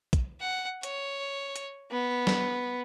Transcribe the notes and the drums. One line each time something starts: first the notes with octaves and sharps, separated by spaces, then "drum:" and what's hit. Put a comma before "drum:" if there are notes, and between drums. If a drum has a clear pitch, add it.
drum: kick, hi-hat
F#5
C#5, drum: hi-hat
drum: hi-hat
B3
drum: snare